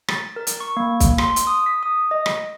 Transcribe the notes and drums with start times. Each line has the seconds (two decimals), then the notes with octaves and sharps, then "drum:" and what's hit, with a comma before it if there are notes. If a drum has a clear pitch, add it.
0.08 A6, drum: rim click
0.36 A#4
0.47 drum: hi-hat
0.60 C#6
0.77 A#3
1.00 drum: kick B1, hi-hat
1.18 C6, drum: rim click
1.36 drum: hi-hat
1.47 D#6
1.66 B6
1.83 D#6
2.11 D#5
2.26 drum: rim click